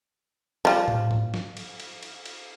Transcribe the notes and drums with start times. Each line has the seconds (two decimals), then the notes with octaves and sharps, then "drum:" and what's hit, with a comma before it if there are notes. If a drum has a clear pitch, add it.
0.65 F3 G3, drum: snare
0.88 drum: tom
1.11 drum: tom
1.34 drum: snare
1.57 drum: cymbal
1.80 drum: cymbal
2.03 drum: cymbal
2.26 drum: cymbal